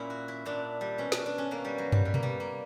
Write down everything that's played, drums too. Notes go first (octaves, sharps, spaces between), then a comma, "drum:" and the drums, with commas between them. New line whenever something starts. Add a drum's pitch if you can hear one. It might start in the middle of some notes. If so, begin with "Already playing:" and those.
Already playing: A#2 C#4 E4
F#4
E4
A#2 D4
G3
B2 C#4
D4, drum: snare
D4
C#4
B2 A#3
G3
F#3
G3, drum: tom
B2
A#3, drum: tom B2
G3
A#3